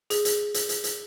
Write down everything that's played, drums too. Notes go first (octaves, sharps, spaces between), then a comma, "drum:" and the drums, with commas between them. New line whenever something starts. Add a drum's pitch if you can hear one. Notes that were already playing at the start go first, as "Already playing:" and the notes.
G#4, drum: hi-hat
drum: hi-hat
drum: hi-hat
drum: hi-hat
drum: hi-hat